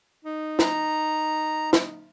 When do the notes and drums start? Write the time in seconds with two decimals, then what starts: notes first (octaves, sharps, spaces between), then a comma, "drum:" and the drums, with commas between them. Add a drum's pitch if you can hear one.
0.25 D#4
0.59 A#5, drum: snare
1.73 drum: snare